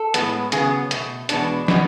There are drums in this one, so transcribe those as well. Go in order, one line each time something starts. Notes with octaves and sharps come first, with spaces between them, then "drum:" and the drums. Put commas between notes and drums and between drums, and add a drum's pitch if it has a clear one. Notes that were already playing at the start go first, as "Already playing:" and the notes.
Already playing: A4
A2 G#3 B3, drum: hi-hat
C#3 F#3 B3 G#4, drum: hi-hat
B2 A3, drum: hi-hat
E2 B2 G#3 B3 D4, drum: hi-hat
A2 G#3 B3, drum: snare